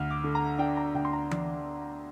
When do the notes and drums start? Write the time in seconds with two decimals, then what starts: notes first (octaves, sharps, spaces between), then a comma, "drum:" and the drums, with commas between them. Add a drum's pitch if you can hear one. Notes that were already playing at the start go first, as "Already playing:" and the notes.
Already playing: D2 F6
0.11 D6
0.24 D3
0.35 A#5
0.58 D4 G5
0.77 A#5
0.95 D2 G5
1.05 C6
1.13 A#5
1.31 D4, drum: tom E3